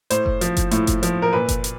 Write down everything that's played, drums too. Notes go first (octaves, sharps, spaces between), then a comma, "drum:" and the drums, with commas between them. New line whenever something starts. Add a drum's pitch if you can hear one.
A2 C5, drum: hi-hat
drum: kick F#1
F3, drum: hi-hat
drum: kick F#1, hi-hat
A2, drum: hi-hat
drum: kick F#1, hi-hat
F3, drum: hi-hat
A#4
A#2 B4
drum: kick F#1, hi-hat
drum: hi-hat